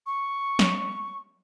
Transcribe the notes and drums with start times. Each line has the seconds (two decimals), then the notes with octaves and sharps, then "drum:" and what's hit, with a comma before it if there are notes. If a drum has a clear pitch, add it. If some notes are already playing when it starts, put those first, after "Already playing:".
0.06 C#6
0.59 drum: snare